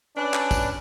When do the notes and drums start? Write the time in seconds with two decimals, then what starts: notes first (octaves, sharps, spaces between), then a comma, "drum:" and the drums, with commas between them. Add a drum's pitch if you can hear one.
0.17 C#4 D4 B4
0.34 drum: clap
0.51 drum: kick, tambourine